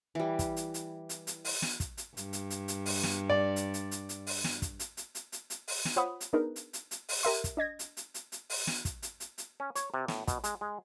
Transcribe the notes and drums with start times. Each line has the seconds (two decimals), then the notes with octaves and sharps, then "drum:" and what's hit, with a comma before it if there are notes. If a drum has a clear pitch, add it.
0.15 E3 G3
0.39 drum: kick, hi-hat
0.56 drum: hi-hat
0.74 drum: hi-hat
1.09 drum: hi-hat
1.27 drum: hi-hat
1.45 drum: open hi-hat
1.62 drum: snare
1.80 drum: kick, hi-hat
1.97 drum: hi-hat
2.17 G2, drum: hi-hat
2.33 drum: hi-hat
2.50 drum: hi-hat
2.68 drum: hi-hat
2.86 drum: open hi-hat
3.03 drum: snare
3.30 D5
3.56 drum: hi-hat
3.74 drum: hi-hat
3.91 drum: hi-hat
4.09 drum: hi-hat
4.27 drum: open hi-hat
4.44 drum: snare
4.62 drum: kick, hi-hat
4.80 drum: hi-hat
4.97 drum: hi-hat
5.15 drum: hi-hat
5.32 drum: hi-hat
5.50 drum: hi-hat
5.68 drum: open hi-hat
5.85 drum: snare
5.96 F4 C5 C#5 F#5 B5 D#6
6.21 drum: hi-hat
6.33 B3 D4 D#4 G#4 A#4 B4
6.56 drum: hi-hat
6.73 drum: hi-hat
6.91 drum: hi-hat
7.09 drum: open hi-hat
7.23 G4 A#4 E5 C6
7.44 drum: kick, hi-hat
7.57 D4 D#5 G#6 A#6
7.79 drum: hi-hat
7.97 drum: hi-hat
8.14 drum: hi-hat
8.32 drum: hi-hat
8.50 drum: open hi-hat
8.67 drum: snare
8.85 drum: kick, hi-hat
9.03 drum: hi-hat
9.20 drum: hi-hat
9.38 drum: hi-hat
9.60 C#4
9.76 C#5, drum: hi-hat
9.94 C3
10.08 A2, drum: snare
10.28 B2, drum: kick, hi-hat
10.44 G#3, drum: hi-hat
10.61 G#3